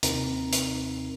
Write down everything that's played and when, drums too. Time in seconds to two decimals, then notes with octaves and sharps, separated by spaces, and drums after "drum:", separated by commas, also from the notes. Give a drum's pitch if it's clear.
0.03 D#2 C3 C4 D#4 A#4 A#5, drum: hi-hat
0.53 drum: hi-hat